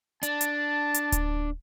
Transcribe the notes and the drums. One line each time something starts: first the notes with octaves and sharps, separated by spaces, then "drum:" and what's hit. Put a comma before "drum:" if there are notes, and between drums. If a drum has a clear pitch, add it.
D4 A5, drum: hi-hat
drum: hi-hat
drum: hi-hat
drum: kick D1, hi-hat